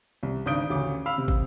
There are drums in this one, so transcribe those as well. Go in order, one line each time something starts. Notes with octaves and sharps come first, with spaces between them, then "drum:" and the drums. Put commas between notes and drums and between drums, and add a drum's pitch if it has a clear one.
C2
G#1 C#2 D4 D#6 G6 D7
A1 D2 C#3 D6
F5 B5 E6 F6
C3
drum: kick